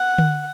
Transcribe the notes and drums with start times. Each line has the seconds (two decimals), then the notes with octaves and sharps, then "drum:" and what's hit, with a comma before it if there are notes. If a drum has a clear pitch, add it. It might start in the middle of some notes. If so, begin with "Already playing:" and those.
Already playing: F#5
0.18 drum: tom D3